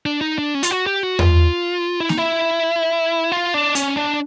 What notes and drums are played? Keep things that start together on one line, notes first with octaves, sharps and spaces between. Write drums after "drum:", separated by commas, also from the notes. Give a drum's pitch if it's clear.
D4
D#4
D4
C#4
F4, drum: hi-hat
F#4
G4
F#4
F4, drum: tom E2
E4
D#4, drum: snare A#3
E4
F4
D4
C#4, drum: hi-hat
D4